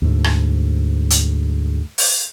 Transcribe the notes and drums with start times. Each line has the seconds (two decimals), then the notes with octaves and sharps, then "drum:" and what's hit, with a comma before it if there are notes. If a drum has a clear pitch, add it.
0.02 D2 G#2
0.24 drum: rim click
1.10 drum: hi-hat
1.98 drum: open hi-hat